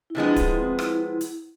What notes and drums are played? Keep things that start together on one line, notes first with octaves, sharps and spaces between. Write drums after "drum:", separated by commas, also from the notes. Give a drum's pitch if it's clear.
E4
C3 F3 G#3 B3 D4
E4, drum: kick D1, hi-hat
C4
E4, drum: rim click
drum: hi-hat